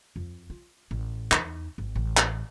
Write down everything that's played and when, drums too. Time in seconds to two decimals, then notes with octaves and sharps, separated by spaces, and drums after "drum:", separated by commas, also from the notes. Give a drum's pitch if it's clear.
0.16 F2
0.50 F4
0.91 A1
1.32 E2 D#4, drum: clap
1.78 G#1
1.95 A1
2.17 drum: clap